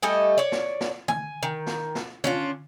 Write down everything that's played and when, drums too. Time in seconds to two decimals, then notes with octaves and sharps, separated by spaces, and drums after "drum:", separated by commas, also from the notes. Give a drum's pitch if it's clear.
0.03 G3 A3 D#5 G#5
0.38 C#5 D5
0.52 drum: snare
0.81 drum: snare
1.08 G#5, drum: tom D3
1.43 D#3
1.67 drum: snare
1.95 drum: snare
2.24 C#4 D4 F4, drum: tom D3